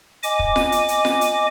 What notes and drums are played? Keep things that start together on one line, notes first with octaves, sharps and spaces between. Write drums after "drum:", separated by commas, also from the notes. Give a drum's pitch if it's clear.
D#5 G#5 D6, drum: hi-hat
drum: kick
drum: snare F4
drum: hi-hat
drum: hi-hat
drum: snare F4
drum: hi-hat